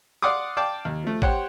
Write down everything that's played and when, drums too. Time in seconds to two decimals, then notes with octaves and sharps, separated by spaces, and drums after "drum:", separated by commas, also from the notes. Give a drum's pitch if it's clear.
0.22 D5 F5 F#5 C6 D6 D#6
0.57 D5 F5 G5 A5 D6
0.85 D#2
1.03 F3 A3
1.22 G4 C5 C#5 F#5 G5 C6, drum: kick